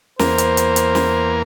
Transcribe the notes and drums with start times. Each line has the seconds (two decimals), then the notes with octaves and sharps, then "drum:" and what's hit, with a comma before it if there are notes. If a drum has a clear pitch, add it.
0.19 E2 A#3 A#4 C5, drum: snare
0.38 drum: hi-hat
0.57 drum: hi-hat
0.76 drum: hi-hat
0.95 drum: snare